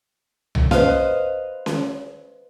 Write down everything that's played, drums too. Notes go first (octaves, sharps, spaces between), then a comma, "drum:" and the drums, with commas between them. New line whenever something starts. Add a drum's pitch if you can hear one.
drum: tom C2
B4 C5 D#5 F5, drum: snare C#4
drum: snare C#4